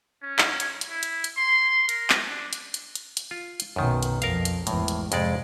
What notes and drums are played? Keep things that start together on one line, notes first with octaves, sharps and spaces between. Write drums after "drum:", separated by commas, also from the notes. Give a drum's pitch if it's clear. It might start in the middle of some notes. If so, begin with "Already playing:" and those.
C#4
drum: clap
drum: hi-hat
drum: hi-hat
E4
drum: hi-hat
drum: hi-hat
C6
A#4, drum: hi-hat
drum: clap
D4
drum: hi-hat
drum: hi-hat
drum: hi-hat
drum: hi-hat
F4
drum: hi-hat
B1 F#2 B2 D#3
drum: hi-hat
F2 A#4 F5, drum: hi-hat
drum: hi-hat
G#1 E2 A2, drum: hi-hat
drum: hi-hat
F2 G#2 C3 G#3 D5, drum: hi-hat